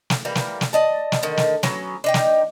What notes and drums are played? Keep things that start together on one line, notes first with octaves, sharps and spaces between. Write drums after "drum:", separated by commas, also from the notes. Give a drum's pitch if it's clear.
drum: snare
E3 G3 A#3 A#4
drum: snare
drum: snare
D5 D#5 A5
drum: snare
D3 D#3
drum: snare
F#3 B3 C#4, drum: snare
D4 D#4 G5
drum: snare